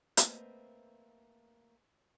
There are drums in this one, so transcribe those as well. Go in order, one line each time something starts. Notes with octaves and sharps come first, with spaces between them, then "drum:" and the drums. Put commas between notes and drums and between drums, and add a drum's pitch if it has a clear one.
A3 A#3 C4 B4 C5 D#5, drum: hi-hat